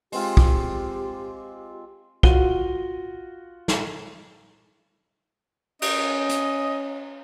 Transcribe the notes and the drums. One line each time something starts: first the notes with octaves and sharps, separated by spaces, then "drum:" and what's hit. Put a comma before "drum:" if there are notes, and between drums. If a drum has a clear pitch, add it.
G#3 C4 F4 G4, drum: open hi-hat
drum: kick
F4 F#4 F#5 D#7 G7, drum: kick
drum: snare
C#4 D#5, drum: cymbal
drum: hi-hat